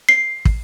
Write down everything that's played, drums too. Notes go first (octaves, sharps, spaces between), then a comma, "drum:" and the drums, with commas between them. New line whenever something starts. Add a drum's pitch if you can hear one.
C7
drum: kick